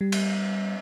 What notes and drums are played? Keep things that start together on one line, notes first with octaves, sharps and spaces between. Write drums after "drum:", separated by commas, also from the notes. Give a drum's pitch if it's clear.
G3
drum: cymbal